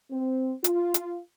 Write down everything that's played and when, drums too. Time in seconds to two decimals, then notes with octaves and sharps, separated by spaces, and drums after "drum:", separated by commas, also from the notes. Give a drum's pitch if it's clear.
0.11 C4
0.64 F4, drum: hi-hat
0.94 drum: hi-hat